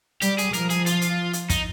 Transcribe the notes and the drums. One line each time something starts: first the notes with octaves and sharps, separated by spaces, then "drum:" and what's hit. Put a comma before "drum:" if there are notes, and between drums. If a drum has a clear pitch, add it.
G3 G4, drum: hi-hat
G#4, drum: hi-hat
F3 A#4, drum: hi-hat
G#4, drum: hi-hat
F4, drum: hi-hat
drum: hi-hat
drum: hi-hat
D#4, drum: kick, hi-hat